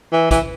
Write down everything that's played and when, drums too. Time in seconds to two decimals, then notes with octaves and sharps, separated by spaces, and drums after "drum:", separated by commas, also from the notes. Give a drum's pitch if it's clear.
0.12 E3
0.31 E3, drum: kick, hi-hat